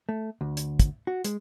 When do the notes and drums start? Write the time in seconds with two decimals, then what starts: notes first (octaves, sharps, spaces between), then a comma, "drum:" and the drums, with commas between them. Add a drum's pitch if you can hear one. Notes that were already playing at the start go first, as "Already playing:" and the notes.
0.09 A3
0.41 D2
0.57 drum: hi-hat
0.80 drum: kick, hi-hat
1.07 F#4
1.24 G#3, drum: hi-hat